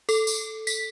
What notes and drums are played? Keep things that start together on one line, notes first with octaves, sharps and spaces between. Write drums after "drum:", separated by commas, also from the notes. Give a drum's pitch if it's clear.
A4, drum: tambourine
drum: tambourine
B6, drum: tambourine